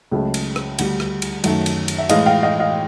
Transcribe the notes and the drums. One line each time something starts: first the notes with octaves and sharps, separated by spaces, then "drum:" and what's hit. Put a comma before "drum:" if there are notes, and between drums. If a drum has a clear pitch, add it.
C#2 C#3 F#3 A3
drum: cymbal
drum: rim click
D2 D3 G3, drum: cymbal
drum: rim click
drum: cymbal
F#2 D#3 F#3 A3, drum: cymbal
drum: cymbal
drum: cymbal
E5
A2 E3 G#3 D#5 F5, drum: cymbal
F5 G5
D#5 F5
D#5 F5